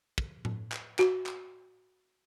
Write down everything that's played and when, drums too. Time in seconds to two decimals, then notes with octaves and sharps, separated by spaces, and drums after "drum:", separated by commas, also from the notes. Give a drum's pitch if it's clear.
0.18 drum: kick
0.45 drum: tom A2
0.72 drum: clap
0.99 F#4, drum: clap
1.26 drum: clap